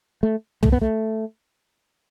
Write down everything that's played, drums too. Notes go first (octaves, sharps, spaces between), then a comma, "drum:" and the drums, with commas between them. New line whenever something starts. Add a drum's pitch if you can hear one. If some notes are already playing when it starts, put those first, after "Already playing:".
A3
A3, drum: tom
B3
A3